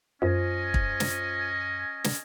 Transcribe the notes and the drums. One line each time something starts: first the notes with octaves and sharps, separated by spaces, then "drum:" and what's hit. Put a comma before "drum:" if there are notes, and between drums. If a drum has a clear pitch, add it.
F#2 C#4 F4 C5 D#5 G#5
drum: kick
drum: snare
drum: snare